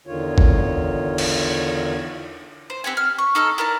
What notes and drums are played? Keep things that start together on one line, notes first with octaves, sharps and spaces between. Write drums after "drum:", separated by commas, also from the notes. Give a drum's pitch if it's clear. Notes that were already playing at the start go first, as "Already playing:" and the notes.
E2 D3 D#3 F4 C#5
drum: kick
drum: cymbal
C5
C4 G4 F#5 G#5
F6
C#6
D#4 A4 E6 F6
E4 A#4 D5 A5